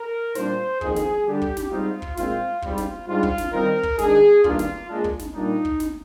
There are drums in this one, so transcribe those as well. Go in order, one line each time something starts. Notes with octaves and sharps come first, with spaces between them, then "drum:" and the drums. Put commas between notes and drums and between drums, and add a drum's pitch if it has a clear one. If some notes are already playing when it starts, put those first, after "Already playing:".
Already playing: A#4
A#2 G3 D4 C5, drum: snare
F2 D#3 A#3 D#4 G#4, drum: kick
drum: snare
D3 G3 D4 G4
drum: kick
drum: snare
G#2 G3 C4 D#4 F4
drum: kick
A#2 G#3 C4 F4, drum: snare
G#2 G3 C4 F4, drum: kick
drum: snare
G#2 G3 D4 F4
drum: kick
drum: snare
D#3 G3 C4 D#4 A#4
drum: kick
D#3 G#3 D4 G#4, drum: snare
G2 D#3 A#3 D4 F4, drum: kick
drum: snare
A#2 G#3 D4
drum: kick
drum: snare
A#2 G3 D4 D#4
drum: kick
drum: snare